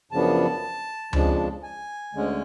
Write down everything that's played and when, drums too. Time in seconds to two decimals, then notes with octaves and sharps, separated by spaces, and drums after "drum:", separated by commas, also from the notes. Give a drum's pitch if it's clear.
0.12 F#2 C#3 F3 B3 D4 A5
1.13 F2 C#3 F3 G#3 D4, drum: tom C#2
1.63 G#5
2.14 D2 D3 G#3 C#4